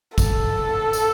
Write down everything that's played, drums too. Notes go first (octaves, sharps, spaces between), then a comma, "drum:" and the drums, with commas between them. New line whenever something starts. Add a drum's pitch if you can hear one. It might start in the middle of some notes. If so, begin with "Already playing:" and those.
A4, drum: kick, tambourine
drum: tambourine